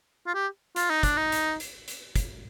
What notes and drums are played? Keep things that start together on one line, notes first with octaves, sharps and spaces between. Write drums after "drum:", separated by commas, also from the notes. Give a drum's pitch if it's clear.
F4
G4
F4, drum: hi-hat
D#4
D4, drum: kick, hi-hat
D#4
drum: hi-hat
drum: hi-hat
drum: hi-hat
drum: kick, hi-hat